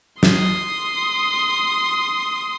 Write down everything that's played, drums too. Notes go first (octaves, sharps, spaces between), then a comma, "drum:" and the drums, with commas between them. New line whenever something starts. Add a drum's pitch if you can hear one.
C6 D#6, drum: snare